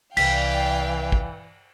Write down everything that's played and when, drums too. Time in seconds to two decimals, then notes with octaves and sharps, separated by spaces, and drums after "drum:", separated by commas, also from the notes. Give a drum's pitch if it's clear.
0.17 C2 E3 D5 F5 G5 B6, drum: cymbal
1.12 drum: kick